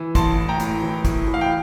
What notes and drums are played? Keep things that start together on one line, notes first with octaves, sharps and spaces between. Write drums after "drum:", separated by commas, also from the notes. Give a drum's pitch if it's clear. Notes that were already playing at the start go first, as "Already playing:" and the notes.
Already playing: E3
A1 A5 C6, drum: kick, hi-hat
A2
G5 A#5
A2, drum: hi-hat
E3
A2, drum: kick, hi-hat
E3
F5
G5